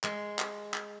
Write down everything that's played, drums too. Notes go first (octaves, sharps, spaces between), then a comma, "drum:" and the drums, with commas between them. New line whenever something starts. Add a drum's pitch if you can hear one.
G#3, drum: clap
drum: clap
drum: clap